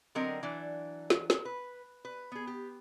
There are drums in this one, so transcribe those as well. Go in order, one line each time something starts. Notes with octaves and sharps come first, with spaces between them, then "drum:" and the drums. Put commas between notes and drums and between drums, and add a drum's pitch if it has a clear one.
D3 F#3 C4 A#4 D#5 G5
E3 F#3 D4
drum: snare
drum: snare
B4
B4
B3 G#4
G4